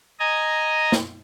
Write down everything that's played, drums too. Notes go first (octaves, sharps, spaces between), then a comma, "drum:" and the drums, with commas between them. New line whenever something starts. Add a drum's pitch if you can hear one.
D#5 G#5 A#5
drum: snare